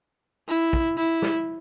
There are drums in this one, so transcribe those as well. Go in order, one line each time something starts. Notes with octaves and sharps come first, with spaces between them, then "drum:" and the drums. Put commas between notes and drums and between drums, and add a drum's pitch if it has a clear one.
E4
drum: kick
E4
drum: snare